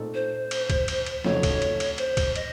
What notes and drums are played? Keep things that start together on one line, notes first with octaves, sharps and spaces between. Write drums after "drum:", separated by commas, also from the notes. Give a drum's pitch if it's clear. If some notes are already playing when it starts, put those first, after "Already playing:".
Already playing: A#2 A3 C4 D#4 A4
C5
drum: cymbal
drum: kick C#2, cymbal
drum: cymbal
drum: cymbal
F2 C#3 A3 D#4 F#4 C#5, drum: snare
drum: kick C#2, cymbal
drum: cymbal
drum: cymbal
C5, drum: cymbal
drum: kick C#2, cymbal
D#5, drum: cymbal